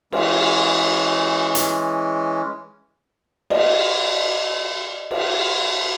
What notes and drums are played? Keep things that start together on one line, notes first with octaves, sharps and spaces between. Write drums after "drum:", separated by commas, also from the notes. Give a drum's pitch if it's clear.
E3 G#3 C#4, drum: cymbal
drum: hi-hat
D5 D#5, drum: cymbal
drum: cymbal